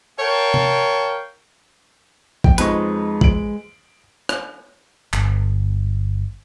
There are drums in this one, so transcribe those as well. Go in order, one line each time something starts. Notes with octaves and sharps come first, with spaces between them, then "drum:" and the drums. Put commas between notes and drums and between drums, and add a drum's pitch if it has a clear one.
A#4 C#5 F5 G5 A5
drum: tom C3
G5, drum: kick A1
F2 G#3 D#4 B4 C#6, drum: hi-hat
D7 F#7, drum: kick A1
drum: rim click
G1, drum: clap